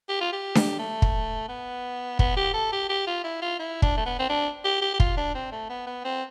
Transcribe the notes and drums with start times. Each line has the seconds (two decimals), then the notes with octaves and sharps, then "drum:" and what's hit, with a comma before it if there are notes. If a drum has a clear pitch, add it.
0.09 G4
0.21 F4
0.33 G4
0.55 drum: snare D4
0.79 A3
1.02 drum: kick
1.48 B3
2.19 B3, drum: kick
2.37 G4
2.54 A4
2.72 G4
2.89 G4
3.07 F4
3.24 E4
3.42 F4
3.59 E4
3.82 D4, drum: kick
3.97 A3
4.06 B3
4.19 C4
4.29 D4
4.64 G4
4.82 G4
4.94 G4
5.00 F4, drum: kick
5.17 D4
5.35 C4
5.52 A3
5.70 B3
5.87 B3
6.04 C4